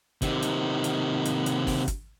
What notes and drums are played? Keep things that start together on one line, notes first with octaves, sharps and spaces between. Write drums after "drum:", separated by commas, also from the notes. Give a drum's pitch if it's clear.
C3 D#3, drum: kick, hi-hat
drum: hi-hat
drum: hi-hat
drum: hi-hat
drum: hi-hat
drum: kick, open hi-hat
drum: kick, hi-hat